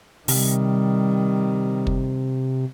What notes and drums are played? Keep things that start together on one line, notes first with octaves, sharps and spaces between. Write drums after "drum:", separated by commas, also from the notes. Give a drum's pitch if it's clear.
C3 D#3 G3, drum: open hi-hat
drum: kick